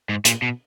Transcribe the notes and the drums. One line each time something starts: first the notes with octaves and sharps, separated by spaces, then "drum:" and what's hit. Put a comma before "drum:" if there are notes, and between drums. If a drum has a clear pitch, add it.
G#2
A#2, drum: hi-hat
B2